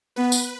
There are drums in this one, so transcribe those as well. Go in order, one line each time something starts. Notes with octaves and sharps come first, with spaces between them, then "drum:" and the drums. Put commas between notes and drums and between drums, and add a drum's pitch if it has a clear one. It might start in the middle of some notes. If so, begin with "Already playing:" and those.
B3 B4
drum: tambourine